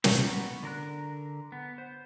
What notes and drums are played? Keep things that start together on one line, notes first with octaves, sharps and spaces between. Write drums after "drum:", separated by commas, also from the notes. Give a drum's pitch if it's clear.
C4 A#4 C#5, drum: snare
B3 F#4
D3 A#4 F#6
B3
C5